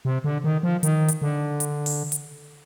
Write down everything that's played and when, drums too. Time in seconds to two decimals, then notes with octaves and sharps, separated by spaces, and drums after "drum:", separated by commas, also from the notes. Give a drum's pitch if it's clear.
0.05 C3
0.24 D3
0.44 D#3
0.63 F3
0.83 D#3, drum: hi-hat
1.08 drum: hi-hat
1.22 D3
1.60 drum: hi-hat
1.86 drum: open hi-hat
2.12 drum: hi-hat